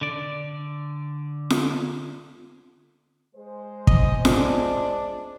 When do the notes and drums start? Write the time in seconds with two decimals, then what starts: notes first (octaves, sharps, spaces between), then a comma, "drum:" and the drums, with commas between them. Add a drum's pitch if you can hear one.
0.01 D3 D5
1.50 drum: snare F4
3.35 G#3 C5
3.87 D#5, drum: kick
4.25 D4, drum: snare F4